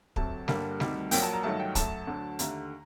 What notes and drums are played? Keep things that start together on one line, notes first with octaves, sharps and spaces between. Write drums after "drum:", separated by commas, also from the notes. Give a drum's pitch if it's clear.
D2 C3 F#3 A3 A5, drum: kick
G1 G2 D3 G3 A#3, drum: snare G3
D2 C3 D#3 G3, drum: snare G3
A#1 A#2 F#3 A#3 G5, drum: open hi-hat
A5
A#5
G1 G2 D#3 F#3 A3 A5
G5
F#2 F#3 A3 A5, drum: kick, hi-hat
D2 D3 F#3
D#2 D3 A3 A#5, drum: hi-hat